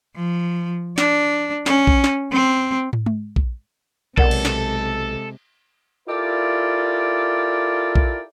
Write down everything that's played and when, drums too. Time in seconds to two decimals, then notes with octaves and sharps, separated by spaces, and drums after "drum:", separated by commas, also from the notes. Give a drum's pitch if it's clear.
0.16 F3
0.98 D4, drum: snare
1.66 C#4, drum: snare
1.87 drum: kick A#1
2.04 drum: snare
2.32 C4
2.93 drum: tom
3.06 drum: tom G#3
3.36 drum: kick A#1
4.18 B1 C3 G#3 A4 A#4 D5 F#5, drum: kick A#1
4.31 drum: cymbal
4.45 drum: snare
6.08 E4 F4 G4 A4 A#4 D5
7.95 drum: kick A#1